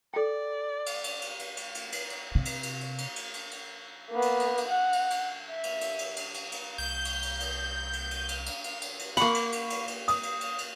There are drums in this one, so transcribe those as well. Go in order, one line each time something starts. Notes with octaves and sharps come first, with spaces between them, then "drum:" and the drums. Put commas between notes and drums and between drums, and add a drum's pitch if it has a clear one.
A4 D5 G5
drum: cymbal
drum: cymbal
drum: cymbal
drum: cymbal
drum: cymbal
drum: cymbal
drum: cymbal
drum: cymbal
C3
drum: cymbal
drum: cymbal
drum: cymbal
drum: cymbal
drum: cymbal
drum: cymbal
drum: cymbal
A#3 B3
drum: cymbal
drum: cymbal
drum: cymbal
F#5
drum: cymbal
drum: cymbal
E5
drum: cymbal
drum: cymbal
drum: cymbal
drum: cymbal
drum: cymbal
drum: cymbal
C2 G6
drum: cymbal
drum: cymbal
drum: cymbal
drum: cymbal
drum: cymbal
drum: cymbal
drum: cymbal
drum: cymbal
drum: cymbal
drum: cymbal
A#3 F#5 B5 C#6, drum: cymbal
drum: cymbal
drum: cymbal
drum: cymbal
drum: cymbal
D#6, drum: cymbal
drum: cymbal
drum: cymbal
drum: cymbal